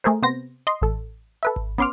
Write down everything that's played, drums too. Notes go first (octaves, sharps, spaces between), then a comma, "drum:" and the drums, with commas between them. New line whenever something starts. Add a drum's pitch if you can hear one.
A3 G#4 A#4 C5
C3 B3 C5 A#6
D#5 C6
A1 A4
A4 B4 E5
drum: kick G#1
B3 C#4 C6 D6 F6